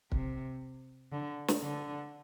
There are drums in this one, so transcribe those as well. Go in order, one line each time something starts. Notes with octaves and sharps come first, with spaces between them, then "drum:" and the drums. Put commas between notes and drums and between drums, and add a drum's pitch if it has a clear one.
C3, drum: kick
D3
drum: snare
D3